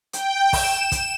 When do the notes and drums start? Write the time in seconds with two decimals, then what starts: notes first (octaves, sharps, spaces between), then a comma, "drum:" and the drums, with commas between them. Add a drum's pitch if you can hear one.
0.13 G5, drum: hi-hat
0.53 E7, drum: kick, open hi-hat
0.92 drum: kick, hi-hat